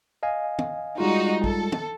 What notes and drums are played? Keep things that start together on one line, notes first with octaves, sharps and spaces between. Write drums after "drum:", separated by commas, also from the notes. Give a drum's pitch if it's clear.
D#5 F5 G#5
drum: tom
G3 G#3 D#4 F4 F#4
A4, drum: kick
drum: tom